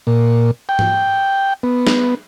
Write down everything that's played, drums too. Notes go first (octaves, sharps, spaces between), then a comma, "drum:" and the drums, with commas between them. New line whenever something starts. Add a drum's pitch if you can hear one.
A#2
G5
drum: tom
B3
drum: snare